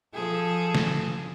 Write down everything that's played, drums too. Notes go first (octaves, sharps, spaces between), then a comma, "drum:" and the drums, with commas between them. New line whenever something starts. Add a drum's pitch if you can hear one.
F3 G#4 A4
drum: snare